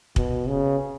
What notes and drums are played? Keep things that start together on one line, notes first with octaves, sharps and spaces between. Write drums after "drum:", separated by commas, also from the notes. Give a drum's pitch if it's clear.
B2, drum: kick
C#3